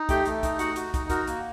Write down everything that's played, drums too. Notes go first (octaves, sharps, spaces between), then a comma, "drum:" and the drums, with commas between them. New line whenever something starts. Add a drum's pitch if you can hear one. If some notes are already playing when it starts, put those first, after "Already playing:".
Already playing: D#4
A3 G4 G5, drum: kick, hi-hat
A3, drum: hi-hat
D#4, drum: kick, hi-hat
F#4 F#5, drum: hi-hat
F#4, drum: hi-hat
D#4, drum: kick, hi-hat
F#4 A#4, drum: kick, hi-hat
A#3, drum: hi-hat